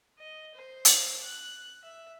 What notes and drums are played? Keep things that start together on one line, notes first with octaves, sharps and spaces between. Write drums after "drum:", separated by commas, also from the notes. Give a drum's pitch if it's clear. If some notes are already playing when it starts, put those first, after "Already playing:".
D#5
C5
drum: hi-hat
F#6
E5